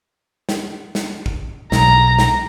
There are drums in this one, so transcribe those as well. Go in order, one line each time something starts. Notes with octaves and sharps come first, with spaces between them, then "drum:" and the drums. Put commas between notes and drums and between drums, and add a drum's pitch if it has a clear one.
drum: snare
drum: snare
drum: kick
B1 A#5, drum: snare
drum: snare